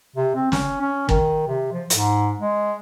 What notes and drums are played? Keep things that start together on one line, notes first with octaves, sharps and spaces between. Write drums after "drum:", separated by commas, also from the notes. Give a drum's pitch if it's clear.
C3
C4
C#4, drum: snare
C#4
D#3, drum: kick
C3
F3
G#2, drum: hi-hat
G#3